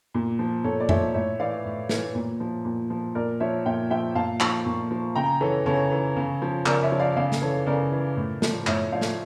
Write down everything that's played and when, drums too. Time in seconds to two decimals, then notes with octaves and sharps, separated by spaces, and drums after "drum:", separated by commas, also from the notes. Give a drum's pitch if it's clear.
0.14 A#2
0.39 F3
0.64 A#2 A4 C#5
0.80 D5
0.89 F3 C#5 E5, drum: tom F2
1.14 A2 C#5 E5
1.39 E3 D5 F5
1.65 A2
1.89 E3, drum: snare
2.15 A#2
2.40 F3
2.65 A#2
2.90 F3
3.15 A#2 A#4 D5
3.40 F3 C#5 E5
3.65 A#2 E5 G5
3.90 F3 E5 G5
4.15 A#2 F5 A5
4.40 F3 A5 C#6, drum: clap
4.66 A#2
4.91 F3
5.15 C#3 G5 A#5
5.41 E3 A4 C#5
5.66 C#3 A4 C#5
5.91 E3
6.16 C#3
6.42 F3
6.66 C#3 A#4 D5, drum: clap
6.83 C#5 E5
6.91 F3
6.99 D5 F5
7.16 C#3 D5 F5
7.32 drum: snare
7.42 E3 A4 C#5
7.66 C#3 A#4 D5
7.92 E3
8.17 A2
8.42 F3, drum: snare
8.67 A2 C#5 E5, drum: clap
8.92 F3 D5 F5
9.01 drum: snare